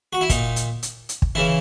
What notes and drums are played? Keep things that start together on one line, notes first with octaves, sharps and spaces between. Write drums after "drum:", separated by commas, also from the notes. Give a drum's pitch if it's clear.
F#4
E4
A#2 D#4, drum: kick, hi-hat
drum: hi-hat
drum: hi-hat
drum: hi-hat
drum: kick
C#3 E3 E4